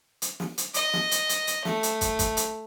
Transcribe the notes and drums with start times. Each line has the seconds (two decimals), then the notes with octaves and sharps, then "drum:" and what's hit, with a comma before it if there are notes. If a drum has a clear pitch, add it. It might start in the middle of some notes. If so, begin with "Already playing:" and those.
0.22 drum: hi-hat
0.40 drum: snare
0.58 drum: hi-hat
0.74 D#5, drum: hi-hat
0.93 drum: snare
1.11 drum: hi-hat
1.29 drum: hi-hat
1.47 drum: hi-hat
1.65 A3, drum: snare
1.83 drum: hi-hat
2.01 drum: kick, hi-hat
2.19 drum: kick, hi-hat
2.37 drum: hi-hat